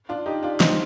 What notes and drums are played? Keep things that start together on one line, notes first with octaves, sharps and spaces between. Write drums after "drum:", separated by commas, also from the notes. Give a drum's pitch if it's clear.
D4 F4
D#4 G4
D4 F4
C4 D#4, drum: snare